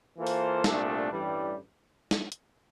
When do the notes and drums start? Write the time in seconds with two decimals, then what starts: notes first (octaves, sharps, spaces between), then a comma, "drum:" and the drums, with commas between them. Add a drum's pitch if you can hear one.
0.18 E3 A#3 F4 A4 C5
0.27 drum: open hi-hat
0.64 C2 A#2 A3 D4, drum: snare
1.11 A1 G2 E3 G3
2.11 drum: snare
2.32 drum: hi-hat